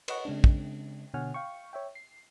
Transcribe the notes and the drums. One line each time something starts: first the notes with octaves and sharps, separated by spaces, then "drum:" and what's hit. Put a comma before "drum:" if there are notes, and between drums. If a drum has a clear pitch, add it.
B4 C#5 D#5 F#5 C#6, drum: cymbal
C#3 G#3 C4 D4
drum: kick
B2 D3 C#5 F#5 G#5 F6
F5 G5 C#6
C#5 E5 G5
C7